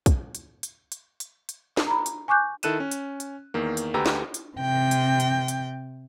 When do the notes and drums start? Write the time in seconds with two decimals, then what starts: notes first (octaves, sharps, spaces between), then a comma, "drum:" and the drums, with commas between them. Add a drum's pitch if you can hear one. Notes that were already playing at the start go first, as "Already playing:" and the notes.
0.06 drum: kick B1, hi-hat
0.35 drum: hi-hat
0.63 drum: hi-hat
0.92 drum: hi-hat
1.20 drum: hi-hat
1.49 drum: hi-hat
1.77 drum: snare
1.87 A#5 B5
2.06 drum: hi-hat
2.28 G#5 C#6 D6 F#6 G6
2.63 D#3 E4 A4 F#6 D#7 E7, drum: hi-hat
2.80 C#4
2.91 drum: hi-hat
3.20 drum: hi-hat
3.54 E2 D#3 A#3
3.77 drum: hi-hat
3.94 D2 D3 G4 B4 A#5 E6
4.06 drum: snare
4.34 drum: hi-hat
4.58 C3 G5
4.91 drum: hi-hat
5.20 drum: hi-hat
5.48 drum: hi-hat